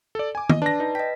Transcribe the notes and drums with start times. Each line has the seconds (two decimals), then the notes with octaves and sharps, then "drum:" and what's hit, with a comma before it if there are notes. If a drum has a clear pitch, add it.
0.15 A4 D5
0.35 G#5 D6
0.50 D#5, drum: tom D#3
0.62 D4 B4 D5 A5 A#6
0.80 D#4 B4
0.95 D#5 G5 B6